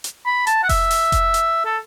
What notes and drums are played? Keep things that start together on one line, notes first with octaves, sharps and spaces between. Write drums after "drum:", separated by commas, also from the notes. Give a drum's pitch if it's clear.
drum: hi-hat
B5
A5, drum: hi-hat
F#5
E5, drum: kick F1, open hi-hat
drum: open hi-hat
drum: kick F1, hi-hat
drum: hi-hat
A4